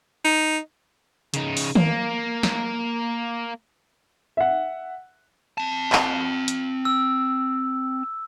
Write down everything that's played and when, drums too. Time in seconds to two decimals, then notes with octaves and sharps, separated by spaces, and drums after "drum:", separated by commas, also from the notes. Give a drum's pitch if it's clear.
0.25 D#4
1.34 C#3 D#4, drum: hi-hat
1.57 drum: open hi-hat
1.75 A#3, drum: tom D#3
2.43 drum: snare
4.37 E5 F#5
5.58 C4 A5
5.92 drum: clap
6.48 drum: hi-hat
6.85 E6